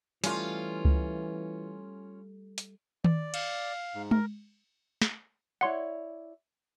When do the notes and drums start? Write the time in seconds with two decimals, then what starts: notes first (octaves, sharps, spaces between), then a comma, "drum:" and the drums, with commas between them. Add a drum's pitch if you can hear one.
0.24 E3 G3 A3 C#4 F4, drum: hi-hat
0.85 drum: kick C#2
2.58 drum: hi-hat
3.04 D5, drum: tom D#3
3.34 F5, drum: cymbal
3.95 G#2
4.11 A#4, drum: tom G#3
5.01 drum: snare
5.61 E4 C#5 D5 F#5 C6